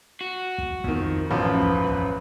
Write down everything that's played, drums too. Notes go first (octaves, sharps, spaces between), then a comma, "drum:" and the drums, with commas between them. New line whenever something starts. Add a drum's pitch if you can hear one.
F#4
drum: kick
F2 D#3, drum: kick
A1 F#2 F3 B4
drum: kick
drum: kick